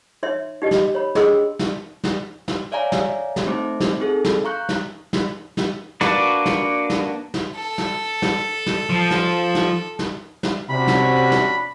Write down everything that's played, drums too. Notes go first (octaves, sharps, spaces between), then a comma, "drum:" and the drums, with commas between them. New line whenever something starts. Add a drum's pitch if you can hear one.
D#4 C#5 E5 C6
D#4 G4 D#5
drum: snare
C#5 B5
D4 G#4 D#5 G5 C6 E6, drum: snare
drum: snare
drum: snare
drum: snare
C#5 D5 E5 F5 G#5 A#5
drum: snare
drum: snare
A3 C4 D#4 C5 E5 D6
drum: snare
C4 D#4 G#4 A4
drum: snare
F5 A#5 C#6 F#6 G6
drum: snare
drum: snare
drum: snare
A#3 D4 F#4 B4 D5, drum: snare
drum: snare
drum: snare
drum: snare
A4
drum: snare
drum: snare
drum: snare
F3
drum: snare
drum: snare
drum: snare
drum: snare
C3 C#4 D4 F#4 B5
drum: snare
drum: snare